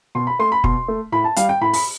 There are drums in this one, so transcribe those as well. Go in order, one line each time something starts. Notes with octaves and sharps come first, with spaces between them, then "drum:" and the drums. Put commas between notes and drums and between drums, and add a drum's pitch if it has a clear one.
B2 C6
B5
A3 C6
B5
B2 C6, drum: kick
A3
A2 B5
A5
G3 F5, drum: hi-hat
G5
A2 B5
B5, drum: open hi-hat